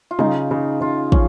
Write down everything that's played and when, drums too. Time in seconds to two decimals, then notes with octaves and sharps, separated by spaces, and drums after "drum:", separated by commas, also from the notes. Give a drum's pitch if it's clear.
0.11 F4
0.19 C#3 D#4, drum: tom F#3
0.51 C#3
0.81 C#3 F4
1.12 F3 C#4, drum: kick